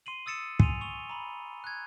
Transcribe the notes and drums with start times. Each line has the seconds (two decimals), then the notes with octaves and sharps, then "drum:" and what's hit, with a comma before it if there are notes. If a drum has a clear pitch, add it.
0.06 C6 C7 D#7 F#7
0.26 D#6 E6 A6 C#7 E7
0.60 G#5 C6 D#7 F7, drum: kick
0.81 C#6 F7 G7
1.10 A#5 B5
1.64 F#6 G#6